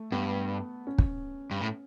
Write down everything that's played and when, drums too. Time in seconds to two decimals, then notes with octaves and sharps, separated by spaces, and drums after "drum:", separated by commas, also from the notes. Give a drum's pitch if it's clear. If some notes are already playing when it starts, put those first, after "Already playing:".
Already playing: A3
0.12 G2 B3
0.87 C#4
0.98 drum: kick
1.51 G2
1.61 A2